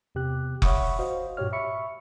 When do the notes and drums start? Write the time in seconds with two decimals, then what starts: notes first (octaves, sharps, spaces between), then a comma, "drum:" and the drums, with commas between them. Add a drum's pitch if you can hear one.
0.15 E2 C3 G4 F#6
0.62 C#5 E5 F#5 B5 C#6 D#6, drum: kick F1
0.99 F#4 C5 D#5 F5
1.37 G2 A#2 F#4 G4 C#5 F6
1.53 E5 B5 C#6 C#7